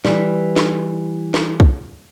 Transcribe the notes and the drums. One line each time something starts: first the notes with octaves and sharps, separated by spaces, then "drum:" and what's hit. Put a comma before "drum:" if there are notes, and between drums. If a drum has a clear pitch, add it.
E3 G3, drum: snare
drum: snare
drum: snare
drum: kick